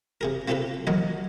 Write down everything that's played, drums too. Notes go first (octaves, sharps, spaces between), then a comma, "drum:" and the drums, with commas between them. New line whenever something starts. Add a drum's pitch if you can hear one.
C3 G#4 A#4
A#3 C4 F4 G4 A4 B4
F#3 A#4 D#5, drum: tom E3